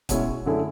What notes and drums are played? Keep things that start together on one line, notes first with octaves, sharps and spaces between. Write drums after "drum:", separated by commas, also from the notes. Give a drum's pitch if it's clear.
B2 G#3 C#4 E4, drum: kick, hi-hat
F#2 D3 A3 E4 G#4